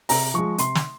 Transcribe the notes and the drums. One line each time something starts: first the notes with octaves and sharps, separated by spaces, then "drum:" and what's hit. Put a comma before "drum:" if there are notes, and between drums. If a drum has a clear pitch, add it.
C3 A#5, drum: open hi-hat
F3 G#3 C#6
C3 C6, drum: hi-hat
drum: snare